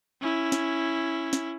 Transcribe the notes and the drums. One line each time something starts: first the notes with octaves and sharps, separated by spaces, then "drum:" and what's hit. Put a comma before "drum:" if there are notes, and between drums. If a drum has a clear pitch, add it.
C#4 E4
drum: snare
drum: snare